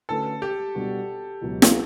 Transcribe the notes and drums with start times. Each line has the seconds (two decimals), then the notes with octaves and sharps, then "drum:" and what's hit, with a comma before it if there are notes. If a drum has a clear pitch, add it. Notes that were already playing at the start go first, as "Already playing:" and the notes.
0.09 D3 A3 C#4 F#4 A4 B4
0.42 G4
0.75 B2 G3 B3 D4 F#4
1.41 C#2 B2 F#3 B3
1.62 drum: snare